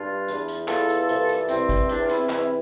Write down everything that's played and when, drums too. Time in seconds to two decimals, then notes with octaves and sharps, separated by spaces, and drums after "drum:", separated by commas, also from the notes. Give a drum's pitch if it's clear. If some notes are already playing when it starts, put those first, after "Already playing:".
Already playing: G2 D4 F4
0.28 E2 E3, drum: hi-hat
0.48 drum: hi-hat
0.68 E2 E3 F4 A4, drum: clap
0.89 drum: hi-hat
1.09 C2 C3 E3, drum: hi-hat
1.29 drum: hi-hat
1.48 C2 C3 E3 C4, drum: hi-hat
1.69 drum: kick, hi-hat
1.89 E2 C3 E3 D4, drum: hi-hat
2.05 F4
2.09 C4 E4, drum: hi-hat
2.29 E2 C3 E3 C4 E4, drum: clap